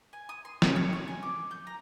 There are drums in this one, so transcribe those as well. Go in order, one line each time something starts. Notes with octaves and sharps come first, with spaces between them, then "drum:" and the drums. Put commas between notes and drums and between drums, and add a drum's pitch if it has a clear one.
G#5
D#6
C6
C#4, drum: snare
C#5
C#6
G#5
D6
G6
A#5